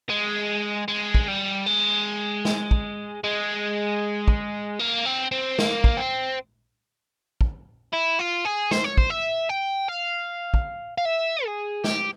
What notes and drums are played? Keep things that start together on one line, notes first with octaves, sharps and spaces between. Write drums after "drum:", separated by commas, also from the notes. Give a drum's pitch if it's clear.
G#3
G#3
drum: kick
G3
G#3
drum: snare
drum: kick
G#3
drum: kick
A#3
C4
C4
A#3, drum: snare
drum: kick
C4
drum: kick
E4
F4
G#4
C5, drum: snare
C#5
C5, drum: kick
E5
G5
F5
drum: kick
F5
E5
G#4
G4, drum: snare